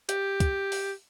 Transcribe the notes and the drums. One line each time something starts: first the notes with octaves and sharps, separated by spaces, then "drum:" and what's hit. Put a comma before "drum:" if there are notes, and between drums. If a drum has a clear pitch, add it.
G4, drum: hi-hat
drum: kick, hi-hat
drum: open hi-hat